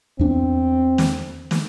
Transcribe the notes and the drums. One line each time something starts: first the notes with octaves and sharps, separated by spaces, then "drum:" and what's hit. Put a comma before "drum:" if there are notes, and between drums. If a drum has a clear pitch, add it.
E2 C4 D4
drum: snare
drum: snare